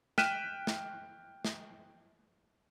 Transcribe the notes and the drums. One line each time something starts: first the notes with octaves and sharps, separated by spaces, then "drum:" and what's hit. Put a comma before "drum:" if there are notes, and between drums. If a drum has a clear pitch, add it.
G5 F6 F#6 B6 D#7 E7, drum: snare
drum: snare
drum: snare